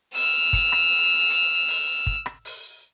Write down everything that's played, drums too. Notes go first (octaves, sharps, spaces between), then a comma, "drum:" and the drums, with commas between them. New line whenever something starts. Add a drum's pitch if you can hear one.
E6 F6, drum: open hi-hat
drum: kick, hi-hat
drum: rim click
drum: hi-hat
drum: open hi-hat
drum: kick
drum: rim click
drum: open hi-hat